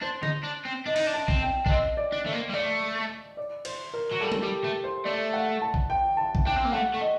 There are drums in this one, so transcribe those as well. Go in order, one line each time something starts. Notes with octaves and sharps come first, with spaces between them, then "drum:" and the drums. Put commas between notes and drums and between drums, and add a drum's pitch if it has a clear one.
D4 C5
D#4, drum: tom D3
D4
C4
D4 D#5
D#4, drum: cymbal
D4
A5
C4, drum: kick A#1
G5
D4, drum: kick A#1
C4 D#5
D5
D4
A3 C5
A#3
G3
A3 D5
D5
C5, drum: cymbal
A#4
F#3
G3 A4
drum: tom G3
G3 G4
A3
C5
A3 D5
F#5
A5
drum: kick A#1
G5
A5
drum: kick A#1
D4 G5
C4
A#3
A3 F#5
A3
D#5